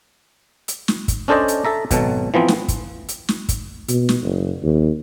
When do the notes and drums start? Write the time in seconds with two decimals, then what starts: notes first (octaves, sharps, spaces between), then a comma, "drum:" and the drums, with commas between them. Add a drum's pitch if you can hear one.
0.68 drum: hi-hat
0.88 drum: snare
1.08 drum: kick, hi-hat
1.28 C#4 D4 A4 C5 D5 D#5
1.48 drum: hi-hat
1.65 A4 E5 A#5
1.91 G#1 B2 F#3 A4, drum: kick, hi-hat
2.34 E3 F3 B3 C4
2.48 drum: snare
2.68 drum: kick, hi-hat
3.08 drum: hi-hat
3.29 drum: snare
3.49 drum: kick, hi-hat
3.88 B2, drum: hi-hat
4.09 drum: snare
4.23 F#1
4.63 D#2